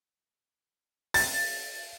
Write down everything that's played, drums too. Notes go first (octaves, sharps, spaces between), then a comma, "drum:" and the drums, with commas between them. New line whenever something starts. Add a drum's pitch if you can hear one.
A6, drum: open hi-hat